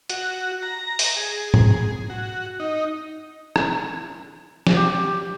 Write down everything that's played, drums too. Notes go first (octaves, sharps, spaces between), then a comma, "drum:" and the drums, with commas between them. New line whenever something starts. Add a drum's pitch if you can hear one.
F#4, drum: hi-hat
A#5
drum: open hi-hat
G#4
drum: tom G#2
F#4
D#4
drum: rim click
drum: snare
G4